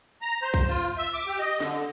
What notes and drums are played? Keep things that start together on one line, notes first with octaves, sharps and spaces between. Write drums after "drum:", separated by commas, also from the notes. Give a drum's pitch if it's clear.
A#5
C5
drum: kick
F4
E5
D6
G4
D#5
D3, drum: snare